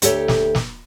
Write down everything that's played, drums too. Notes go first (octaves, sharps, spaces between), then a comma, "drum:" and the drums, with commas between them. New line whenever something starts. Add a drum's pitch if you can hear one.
D2 G4 A4 C#5 E5, drum: hi-hat
drum: snare
drum: snare